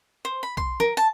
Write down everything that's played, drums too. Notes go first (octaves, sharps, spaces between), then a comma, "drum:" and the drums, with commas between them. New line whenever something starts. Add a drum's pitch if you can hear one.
C5
B5
C6, drum: kick B1
A#4, drum: snare
A5